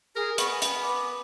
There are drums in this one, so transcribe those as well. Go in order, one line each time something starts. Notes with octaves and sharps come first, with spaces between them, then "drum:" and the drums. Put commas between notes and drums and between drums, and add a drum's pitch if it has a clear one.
G#4 A#4
B3 C#6, drum: hi-hat
G#5
drum: hi-hat
D6